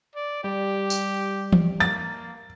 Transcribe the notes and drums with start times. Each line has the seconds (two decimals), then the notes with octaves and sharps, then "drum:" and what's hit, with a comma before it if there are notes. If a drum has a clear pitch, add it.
0.15 D5
0.44 G3 G4
0.90 drum: tambourine
1.53 drum: tom E3
1.80 A#3 A6